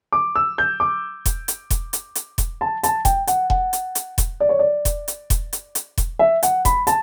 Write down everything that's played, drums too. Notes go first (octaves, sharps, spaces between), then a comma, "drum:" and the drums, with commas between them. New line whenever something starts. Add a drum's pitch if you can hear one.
D6
E6
G6
D6
drum: kick E1, hi-hat
drum: hi-hat
drum: kick E1, hi-hat
drum: hi-hat
drum: hi-hat
drum: kick E1, hi-hat
A5
A5, drum: hi-hat
G5, drum: kick E1, hi-hat
F#5, drum: hi-hat
F#5, drum: kick E1
drum: hi-hat
drum: hi-hat
drum: kick E1, hi-hat
D5
C#5
D5
drum: kick E1, hi-hat
drum: hi-hat
drum: kick E1, hi-hat
drum: hi-hat
drum: hi-hat
drum: kick E1, hi-hat
E5
F#5, drum: hi-hat
B5, drum: kick E1, hi-hat
A5, drum: hi-hat